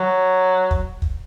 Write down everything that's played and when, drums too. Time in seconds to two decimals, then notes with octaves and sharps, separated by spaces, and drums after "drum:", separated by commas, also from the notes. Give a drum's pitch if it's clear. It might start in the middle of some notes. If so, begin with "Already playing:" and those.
Already playing: F#3
0.71 drum: kick
1.02 drum: kick